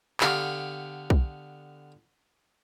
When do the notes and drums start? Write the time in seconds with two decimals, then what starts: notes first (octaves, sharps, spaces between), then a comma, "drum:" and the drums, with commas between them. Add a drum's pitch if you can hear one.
0.21 D3 B3 G4 F5, drum: clap
1.10 drum: kick B1